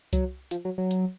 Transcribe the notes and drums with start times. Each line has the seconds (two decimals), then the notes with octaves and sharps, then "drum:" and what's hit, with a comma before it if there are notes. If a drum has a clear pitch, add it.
0.13 F#3, drum: kick C2, hi-hat
0.51 F3, drum: hi-hat
0.65 F#3
0.78 F#3
0.91 drum: hi-hat